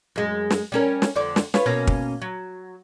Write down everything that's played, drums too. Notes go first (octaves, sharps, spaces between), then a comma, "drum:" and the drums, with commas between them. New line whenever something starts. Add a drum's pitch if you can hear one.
F#2 G#3
drum: snare
G3 C#4 A#4
drum: snare
F2 D3 D5
drum: snare
F4 B4 C#5, drum: snare
B2 A#3 C#4
drum: kick
F#3